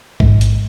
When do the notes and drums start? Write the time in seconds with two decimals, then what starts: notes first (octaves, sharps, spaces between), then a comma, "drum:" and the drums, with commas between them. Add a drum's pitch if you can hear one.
0.20 G#2, drum: kick
0.41 drum: hi-hat